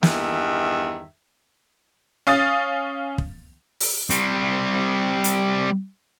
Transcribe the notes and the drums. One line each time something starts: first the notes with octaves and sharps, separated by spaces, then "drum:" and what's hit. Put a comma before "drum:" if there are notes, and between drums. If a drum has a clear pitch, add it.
E2 G2 D#3 E5, drum: snare
C#4 F5 D#6 A6
drum: kick
drum: open hi-hat
G3 C4, drum: hi-hat
drum: hi-hat